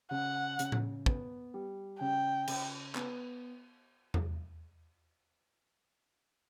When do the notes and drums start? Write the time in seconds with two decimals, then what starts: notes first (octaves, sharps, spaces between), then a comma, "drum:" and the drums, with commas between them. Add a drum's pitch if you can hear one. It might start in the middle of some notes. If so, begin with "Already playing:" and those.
0.11 C#3 F#5
0.59 C#3, drum: hi-hat
0.72 drum: tom A2
1.06 B3, drum: kick
1.54 G3
2.00 C#3 G5
2.48 C#3, drum: cymbal
2.95 B3, drum: clap
4.14 drum: tom E2